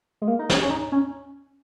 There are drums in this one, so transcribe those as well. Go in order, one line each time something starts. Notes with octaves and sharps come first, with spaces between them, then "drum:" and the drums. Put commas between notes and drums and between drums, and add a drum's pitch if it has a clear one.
G#3
A#3
D#4
C#4, drum: snare
C#4
D#4
C#4